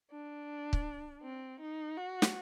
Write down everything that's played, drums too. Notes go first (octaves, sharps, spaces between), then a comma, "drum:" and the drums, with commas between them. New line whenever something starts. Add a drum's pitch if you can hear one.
D4
drum: kick
C4
D#4
F#4
drum: snare